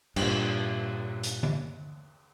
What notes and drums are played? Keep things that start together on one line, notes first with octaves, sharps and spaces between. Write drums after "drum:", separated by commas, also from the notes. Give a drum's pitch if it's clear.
G2 A#2, drum: cymbal
drum: hi-hat
drum: tom D3